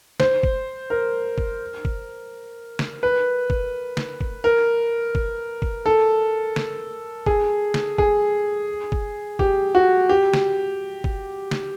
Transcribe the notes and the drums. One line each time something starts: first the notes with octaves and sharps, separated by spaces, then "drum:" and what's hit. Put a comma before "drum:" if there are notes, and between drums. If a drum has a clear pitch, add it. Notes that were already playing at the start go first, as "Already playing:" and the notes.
C5, drum: snare
drum: kick G1
A#4
drum: kick G1
drum: kick G1
drum: snare
B4
drum: kick G1
drum: snare
drum: kick G1
A#4
drum: kick G1
drum: kick G1
A4
drum: snare
G#4, drum: kick G1
drum: snare
G#4, drum: kick G1
drum: kick G1
G4, drum: kick G1
F#4
G4
drum: snare
drum: kick G1
drum: snare